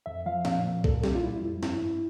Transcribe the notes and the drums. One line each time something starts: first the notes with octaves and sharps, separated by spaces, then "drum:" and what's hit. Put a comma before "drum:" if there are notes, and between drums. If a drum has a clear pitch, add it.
F2 E5
F3 F5
A#2 F5, drum: snare
A#2
A#2 A4, drum: kick B1
G3 G4, drum: snare
F4
G3 E4
F2
G2 E4, drum: snare
G2